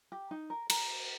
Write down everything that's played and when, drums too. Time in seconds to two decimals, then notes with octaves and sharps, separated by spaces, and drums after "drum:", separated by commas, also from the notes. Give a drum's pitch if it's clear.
0.12 G4
0.31 D#4
0.50 A#4
0.70 A#4, drum: cymbal